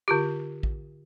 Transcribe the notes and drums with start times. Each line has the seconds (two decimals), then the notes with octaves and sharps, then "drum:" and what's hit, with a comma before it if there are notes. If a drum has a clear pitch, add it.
0.08 D3 F4 G4
0.63 drum: kick